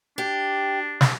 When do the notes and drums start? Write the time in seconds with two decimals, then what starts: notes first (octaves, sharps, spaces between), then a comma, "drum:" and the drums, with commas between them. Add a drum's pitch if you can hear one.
0.18 D4 G4
1.01 drum: snare